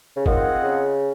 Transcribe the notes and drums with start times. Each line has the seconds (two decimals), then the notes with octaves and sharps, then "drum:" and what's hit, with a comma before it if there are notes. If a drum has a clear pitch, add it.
0.17 C#3
0.26 D#3 C4 F4 G#4 D#5 F#5, drum: kick G1
0.63 C#3